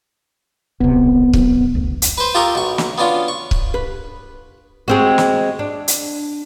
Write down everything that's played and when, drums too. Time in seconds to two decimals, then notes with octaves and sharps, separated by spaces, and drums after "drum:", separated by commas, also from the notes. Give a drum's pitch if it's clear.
0.80 D1 B1 C3 B3
1.33 F#2 C3, drum: kick C#1
1.75 F#1 D2
2.02 drum: hi-hat
2.18 B4 C5
2.35 F4 G4 A4 A#4 C#6 D#6
2.55 B1 C#6
2.78 drum: snare
2.98 B3 C#4 D4 F4
3.28 C#6
3.51 drum: kick C#1
3.74 B4
4.88 G#3 C4 F#4
5.18 drum: snare
5.59 D4
5.88 drum: hi-hat